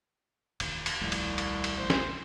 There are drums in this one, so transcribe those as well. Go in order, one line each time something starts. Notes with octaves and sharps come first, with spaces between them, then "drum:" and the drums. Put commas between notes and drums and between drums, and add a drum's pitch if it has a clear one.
E1 D2 D#3, drum: cymbal
drum: cymbal
D#1 C2 F3 A3
drum: cymbal
drum: cymbal
drum: cymbal
A1 E2 A2 C5
drum: snare